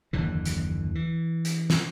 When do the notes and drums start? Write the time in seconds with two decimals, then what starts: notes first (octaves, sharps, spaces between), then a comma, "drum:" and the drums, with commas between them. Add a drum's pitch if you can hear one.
0.13 F#1 D#2 D3 E3
0.45 drum: hi-hat
0.95 E3
1.45 drum: hi-hat
1.70 drum: snare